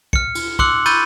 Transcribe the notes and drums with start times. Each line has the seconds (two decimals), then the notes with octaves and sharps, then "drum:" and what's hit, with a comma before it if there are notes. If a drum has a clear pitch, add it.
0.13 F6 C#7, drum: kick
0.35 drum: cymbal
0.59 C6 D6 E6 F#6 C#7 F#7, drum: kick
0.86 B5 C#6 E6 G6 A6 D#7, drum: cymbal